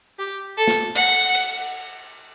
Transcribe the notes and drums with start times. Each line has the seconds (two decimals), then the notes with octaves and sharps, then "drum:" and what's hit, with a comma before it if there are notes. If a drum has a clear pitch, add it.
0.19 G4
0.58 A4
0.68 drum: snare
0.95 F#5, drum: cymbal
1.35 drum: cymbal